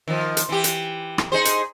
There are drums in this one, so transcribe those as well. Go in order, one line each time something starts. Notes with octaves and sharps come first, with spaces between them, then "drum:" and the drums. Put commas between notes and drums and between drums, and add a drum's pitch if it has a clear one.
D#3 F3
drum: hi-hat
E3 G4
drum: hi-hat
drum: rim click
D#4 G#4 C5
drum: hi-hat